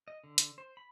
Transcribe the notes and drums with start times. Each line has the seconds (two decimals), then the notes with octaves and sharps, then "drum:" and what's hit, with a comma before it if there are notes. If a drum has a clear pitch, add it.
0.08 D#5
0.24 D3
0.38 drum: hi-hat
0.58 C5
0.77 B5